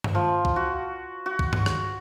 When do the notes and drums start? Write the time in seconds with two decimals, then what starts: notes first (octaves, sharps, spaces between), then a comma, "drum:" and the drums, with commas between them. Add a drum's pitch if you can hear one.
0.04 drum: tom G2
0.15 F3
0.45 drum: kick
0.56 F#4
1.26 F#4
1.39 drum: kick
1.53 drum: tom G2
1.66 drum: rim click